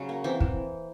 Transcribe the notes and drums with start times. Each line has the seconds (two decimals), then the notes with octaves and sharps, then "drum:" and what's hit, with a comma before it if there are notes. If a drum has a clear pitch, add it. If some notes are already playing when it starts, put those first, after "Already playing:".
Already playing: C#3 F#3 C#4
0.09 A#3
0.24 E3 C4
0.40 E3, drum: kick